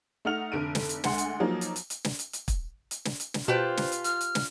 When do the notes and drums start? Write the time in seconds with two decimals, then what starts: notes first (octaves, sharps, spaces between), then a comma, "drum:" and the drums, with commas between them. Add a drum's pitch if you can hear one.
0.25 A3 D#4 F#5 F6 F7
0.52 F1 D3 D7 D#7
0.75 drum: snare
0.89 drum: hi-hat
1.04 D2 G#3 F#5 C6, drum: snare
1.18 drum: hi-hat
1.40 F3 F#3 A#3 D#4
1.61 drum: hi-hat
1.76 drum: hi-hat
1.90 drum: hi-hat
2.04 drum: snare
2.19 drum: hi-hat
2.33 drum: hi-hat
2.48 drum: kick, hi-hat
2.91 drum: hi-hat
3.05 drum: snare
3.20 drum: hi-hat
3.34 drum: snare
3.48 B2 F4 G4 B4 C5 A5
3.77 drum: snare
3.92 drum: hi-hat
4.04 F6, drum: hi-hat
4.21 drum: hi-hat
4.35 drum: snare